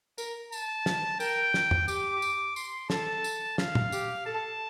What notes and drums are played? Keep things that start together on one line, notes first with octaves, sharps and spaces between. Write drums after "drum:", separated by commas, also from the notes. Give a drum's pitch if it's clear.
A#4, drum: tambourine
A5, drum: tambourine
drum: snare
A#4 G5, drum: tambourine
drum: snare
drum: tom F2
G4 D6, drum: tambourine
drum: tambourine
C6, drum: tambourine
A4 A5, drum: snare
drum: tambourine
F5, drum: snare
drum: tom
G4, drum: tambourine
A4 A5